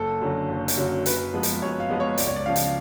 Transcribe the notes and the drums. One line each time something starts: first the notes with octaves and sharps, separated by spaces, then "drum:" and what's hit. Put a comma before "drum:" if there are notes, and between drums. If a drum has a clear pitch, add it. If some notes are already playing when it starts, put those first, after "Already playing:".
Already playing: F#1 A4
F#2 D3 F#3
F#1
drum: hi-hat
F#2 D3 F#3
F#2 B4, drum: hi-hat
F3 G#3 B3
drum: hi-hat
F#2 C#5
F5
F3 G#3 B3
C#5
C#2 D5, drum: hi-hat
C#5
D5
C#3 F3 F5
drum: hi-hat